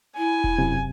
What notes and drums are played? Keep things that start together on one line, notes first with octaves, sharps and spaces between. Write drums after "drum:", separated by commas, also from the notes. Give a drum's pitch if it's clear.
E4 G#5
drum: kick E1
F#2 C3